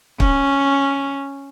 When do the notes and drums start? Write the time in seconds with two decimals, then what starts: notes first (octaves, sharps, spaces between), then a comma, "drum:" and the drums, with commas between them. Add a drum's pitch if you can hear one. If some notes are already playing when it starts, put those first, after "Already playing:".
0.20 C#4, drum: kick